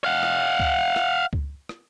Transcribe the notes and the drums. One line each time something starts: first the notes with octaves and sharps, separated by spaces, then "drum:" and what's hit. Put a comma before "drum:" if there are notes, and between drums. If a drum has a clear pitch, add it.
F5 F#5
drum: rim click
drum: kick C#2
drum: rim click
drum: kick C#2
drum: rim click